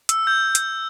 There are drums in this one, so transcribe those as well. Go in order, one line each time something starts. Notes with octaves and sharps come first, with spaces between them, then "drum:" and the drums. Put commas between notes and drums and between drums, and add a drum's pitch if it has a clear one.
E6, drum: hi-hat
G6
drum: hi-hat